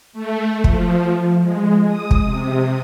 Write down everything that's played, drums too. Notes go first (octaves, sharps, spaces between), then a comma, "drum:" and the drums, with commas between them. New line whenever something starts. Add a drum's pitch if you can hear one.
A3
F3, drum: kick
G#3
D#6
drum: kick
C3